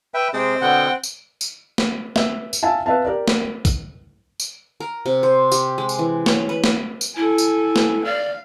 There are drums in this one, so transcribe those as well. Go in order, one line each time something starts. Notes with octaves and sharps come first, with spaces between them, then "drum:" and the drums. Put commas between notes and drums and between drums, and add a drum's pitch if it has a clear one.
B4 E5 G5
C3 G#3 C4 G#4
B2 D3 B3 F#5 G5
drum: tambourine
drum: tambourine
drum: snare
E5, drum: snare
drum: tambourine
E5 F5 G#5 A5
B4 E5 F5 A5
G4 A#4 D5
drum: snare
drum: kick, tambourine
drum: tambourine
A#4
C3
C5
G4, drum: tambourine
G#3
drum: tambourine
E3
C#5, drum: snare
B4
drum: snare
drum: tambourine
E4 A4 G#5
drum: tambourine
drum: snare
D5 F5